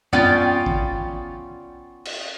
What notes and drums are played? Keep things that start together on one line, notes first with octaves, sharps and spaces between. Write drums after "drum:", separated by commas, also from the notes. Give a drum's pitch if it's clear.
B3 C#4 F4 D5 G5, drum: tom F#2
drum: kick
drum: cymbal